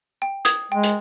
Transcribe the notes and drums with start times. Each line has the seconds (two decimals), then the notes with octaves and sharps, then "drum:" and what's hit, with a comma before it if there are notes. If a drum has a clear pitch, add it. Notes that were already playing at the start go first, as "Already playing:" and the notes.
0.22 G5
0.45 D#6 G#6, drum: hi-hat
0.72 G#3 G5
0.83 drum: hi-hat